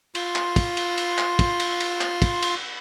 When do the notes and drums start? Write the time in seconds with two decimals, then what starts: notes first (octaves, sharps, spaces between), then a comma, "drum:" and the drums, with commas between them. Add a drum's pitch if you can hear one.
0.15 F4 C6, drum: cymbal
0.36 drum: clap
0.56 drum: kick, cymbal
0.77 drum: cymbal
0.98 drum: cymbal
1.18 drum: clap
1.39 drum: kick, cymbal
1.60 drum: cymbal
1.80 drum: cymbal
2.01 drum: clap
2.22 drum: kick, cymbal
2.42 drum: cymbal